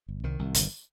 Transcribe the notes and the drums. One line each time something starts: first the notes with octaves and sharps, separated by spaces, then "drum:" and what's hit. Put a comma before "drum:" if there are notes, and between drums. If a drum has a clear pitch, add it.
G1
C2 D#3
C2
G1, drum: hi-hat